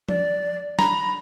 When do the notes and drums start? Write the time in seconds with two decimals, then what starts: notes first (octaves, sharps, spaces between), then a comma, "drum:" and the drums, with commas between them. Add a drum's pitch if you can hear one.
0.09 D5, drum: tom F3
0.79 A#5 B5, drum: snare